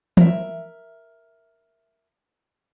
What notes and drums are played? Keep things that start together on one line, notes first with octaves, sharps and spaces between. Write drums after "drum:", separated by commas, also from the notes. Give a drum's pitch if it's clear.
A#4 E5, drum: tom E3